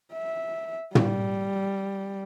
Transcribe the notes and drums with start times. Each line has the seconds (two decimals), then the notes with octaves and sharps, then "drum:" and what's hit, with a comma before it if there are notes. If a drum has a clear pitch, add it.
0.13 E5
0.95 G3, drum: tom